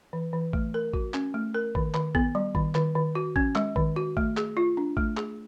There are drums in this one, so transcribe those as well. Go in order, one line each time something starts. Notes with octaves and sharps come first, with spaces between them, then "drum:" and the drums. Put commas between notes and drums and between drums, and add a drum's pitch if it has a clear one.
E3
E3
A3, drum: kick
A#4
F#4, drum: kick
C#4, drum: clap
A3
A#4
D#3, drum: kick
D#3, drum: clap
B3, drum: kick
G3
D#3, drum: kick
D#3, drum: clap
D#3
F#4
C#4, drum: kick
G#3, drum: clap
D#3, drum: kick
F#4
A3, drum: kick
G#4, drum: clap
F4
D4
A3, drum: kick
G#4, drum: clap